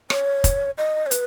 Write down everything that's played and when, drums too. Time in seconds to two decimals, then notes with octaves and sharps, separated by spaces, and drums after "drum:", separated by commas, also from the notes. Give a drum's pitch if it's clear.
0.10 C#5, drum: rim click
0.44 drum: kick, hi-hat
0.78 D#5
1.06 C#5
1.11 B4, drum: hi-hat